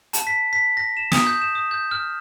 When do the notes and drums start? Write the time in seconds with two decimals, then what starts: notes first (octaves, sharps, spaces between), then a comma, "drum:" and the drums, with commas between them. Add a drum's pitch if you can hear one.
0.13 A5, drum: hi-hat
0.27 B6
0.53 B6
0.77 A#6
0.97 E7
1.12 D#6, drum: snare
1.27 G6
1.42 E7
1.55 D#6
1.71 G6
1.91 F6